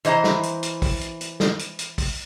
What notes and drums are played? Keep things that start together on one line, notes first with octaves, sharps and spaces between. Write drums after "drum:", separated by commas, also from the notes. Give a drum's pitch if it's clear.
E3 C5 D#5 A#5, drum: hi-hat
drum: snare
drum: hi-hat
drum: hi-hat
drum: kick, open hi-hat
drum: hi-hat
drum: hi-hat
drum: snare
drum: hi-hat
drum: hi-hat
drum: kick, open hi-hat